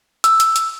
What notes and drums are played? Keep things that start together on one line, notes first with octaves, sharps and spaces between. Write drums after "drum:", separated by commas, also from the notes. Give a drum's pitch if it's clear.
E6, drum: hi-hat
drum: hi-hat
drum: hi-hat